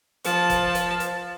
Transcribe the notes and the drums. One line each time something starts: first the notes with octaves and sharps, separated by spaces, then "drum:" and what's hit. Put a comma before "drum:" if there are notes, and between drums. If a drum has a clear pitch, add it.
F3 A5, drum: hi-hat
drum: kick, hi-hat
drum: hi-hat
drum: hi-hat